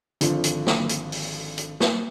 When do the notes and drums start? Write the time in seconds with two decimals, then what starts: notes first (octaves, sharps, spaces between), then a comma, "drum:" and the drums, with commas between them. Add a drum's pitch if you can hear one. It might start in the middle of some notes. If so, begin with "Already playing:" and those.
0.21 G#1 D3 F3, drum: hi-hat
0.44 drum: hi-hat
0.66 drum: snare
0.89 drum: hi-hat
1.12 drum: open hi-hat
1.58 drum: hi-hat
1.80 drum: snare